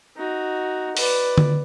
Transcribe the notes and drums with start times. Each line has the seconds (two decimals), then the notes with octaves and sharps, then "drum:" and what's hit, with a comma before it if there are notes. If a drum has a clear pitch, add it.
0.17 D#4 F#4
0.97 B4 D5, drum: open hi-hat
1.38 drum: tom D3